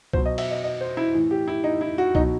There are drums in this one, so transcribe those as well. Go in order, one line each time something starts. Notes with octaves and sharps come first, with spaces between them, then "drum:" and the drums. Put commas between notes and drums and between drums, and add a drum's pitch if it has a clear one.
B2 F#3 C5, drum: kick C2
D#5
E5, drum: cymbal
D#5
D#5
C5
E4
A2 E3
G4
E4
D#4
E4
F#4
B2 F#3 D#4, drum: kick C2